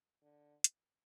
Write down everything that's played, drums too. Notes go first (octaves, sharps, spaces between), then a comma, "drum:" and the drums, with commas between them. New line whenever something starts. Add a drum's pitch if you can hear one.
D3
drum: hi-hat